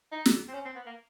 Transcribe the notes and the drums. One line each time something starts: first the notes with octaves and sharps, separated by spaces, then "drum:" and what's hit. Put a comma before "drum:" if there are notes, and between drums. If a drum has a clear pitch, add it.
D#4
drum: snare
C4
C#4
C4
B3
A#3